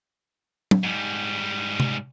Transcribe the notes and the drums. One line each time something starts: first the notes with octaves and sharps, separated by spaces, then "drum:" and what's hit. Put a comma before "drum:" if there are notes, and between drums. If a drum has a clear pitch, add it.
drum: tom
G#2 G3
drum: tom C3